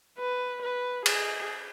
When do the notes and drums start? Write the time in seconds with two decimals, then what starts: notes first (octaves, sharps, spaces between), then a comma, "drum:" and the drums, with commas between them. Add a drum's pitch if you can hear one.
0.19 B4
0.62 B4
1.06 G#4, drum: cymbal